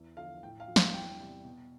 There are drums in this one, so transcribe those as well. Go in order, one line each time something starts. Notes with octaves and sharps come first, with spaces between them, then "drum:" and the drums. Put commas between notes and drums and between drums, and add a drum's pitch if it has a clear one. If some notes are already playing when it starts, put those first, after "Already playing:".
Already playing: E2
D3 F3 F5
A2 G5
F5
F3
F5, drum: snare
E2 G5
C3 G3
B2